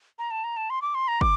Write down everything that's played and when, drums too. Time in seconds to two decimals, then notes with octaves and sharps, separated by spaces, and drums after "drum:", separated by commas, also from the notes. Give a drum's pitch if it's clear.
0.19 A#5
0.31 A5
0.44 A#5
0.57 A5
0.70 C6
0.82 D6
0.95 C6
1.08 A#5
1.21 D6, drum: kick